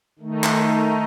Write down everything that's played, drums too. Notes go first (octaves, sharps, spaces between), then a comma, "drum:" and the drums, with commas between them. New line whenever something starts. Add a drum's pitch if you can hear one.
D#3 A3 D#4
drum: clap